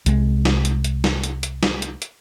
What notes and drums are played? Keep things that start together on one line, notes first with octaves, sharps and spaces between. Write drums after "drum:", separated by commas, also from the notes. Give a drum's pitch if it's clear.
C2 G#3, drum: hi-hat
drum: snare
drum: hi-hat
drum: hi-hat
drum: snare
drum: hi-hat
drum: hi-hat
drum: snare
drum: hi-hat
drum: hi-hat